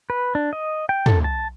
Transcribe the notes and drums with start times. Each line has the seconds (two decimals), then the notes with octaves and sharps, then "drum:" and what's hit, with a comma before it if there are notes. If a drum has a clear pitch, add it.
0.10 B4
0.35 D4
0.53 D#5
0.89 G5
1.06 A4, drum: tom
1.24 A5